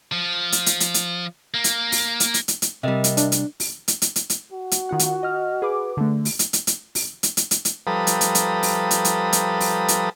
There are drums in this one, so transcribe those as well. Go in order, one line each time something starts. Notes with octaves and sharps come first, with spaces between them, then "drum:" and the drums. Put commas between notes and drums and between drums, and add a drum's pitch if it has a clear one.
F3
drum: hi-hat
drum: hi-hat
drum: hi-hat
drum: hi-hat
A#3
drum: hi-hat
drum: open hi-hat
drum: hi-hat
drum: hi-hat
drum: hi-hat
drum: hi-hat
C3 G3 A#4 D#5 E5
drum: hi-hat
D4, drum: hi-hat
drum: hi-hat
drum: open hi-hat
drum: hi-hat
drum: hi-hat
drum: hi-hat
drum: hi-hat
F#4
drum: hi-hat
D#3 F4 F#5
drum: hi-hat
D#5 F6
G#4 B4 D6
D3 A3
drum: open hi-hat
drum: hi-hat
drum: hi-hat
drum: hi-hat
drum: open hi-hat
drum: hi-hat
drum: hi-hat
drum: hi-hat
drum: hi-hat
F3 G3 A4 B4 A#5 D#6
drum: hi-hat
drum: hi-hat
drum: hi-hat
drum: open hi-hat
drum: hi-hat
drum: hi-hat
drum: hi-hat
drum: open hi-hat
drum: hi-hat